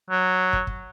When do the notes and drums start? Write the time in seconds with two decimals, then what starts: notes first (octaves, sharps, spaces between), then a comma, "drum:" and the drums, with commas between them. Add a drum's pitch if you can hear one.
0.10 F#3
0.53 drum: kick
0.67 drum: kick